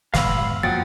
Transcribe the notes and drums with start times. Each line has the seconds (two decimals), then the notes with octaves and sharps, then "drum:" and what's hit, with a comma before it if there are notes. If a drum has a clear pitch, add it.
0.14 F#2 A2 G#3 B3 F5 B5 E6 C7, drum: snare
0.63 F2 F3 F#3 A#3 F#5 G5 D#6 A6